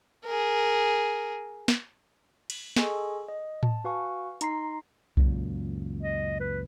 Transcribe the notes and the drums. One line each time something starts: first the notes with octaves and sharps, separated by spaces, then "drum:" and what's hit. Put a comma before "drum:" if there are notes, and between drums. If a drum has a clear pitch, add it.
G#4 A#4
drum: snare
drum: cymbal
G#4 A4 D#5 G#5 C6 C#6, drum: snare
D#5
A5, drum: tom A2
F#4 B4 F5 G#5 C#6
D#4 A#5 C6 C7, drum: hi-hat
C#2 F#2 A#2, drum: kick B1
D#5
B4